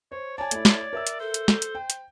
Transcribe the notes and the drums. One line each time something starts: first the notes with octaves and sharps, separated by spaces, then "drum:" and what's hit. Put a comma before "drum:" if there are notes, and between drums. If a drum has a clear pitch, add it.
C5 C#5
C#5 D5 G#5 A5
A3 E4, drum: hi-hat
drum: snare
A#4 E5 E6
drum: hi-hat
A4 C5
drum: hi-hat
drum: snare
drum: hi-hat
G5
drum: hi-hat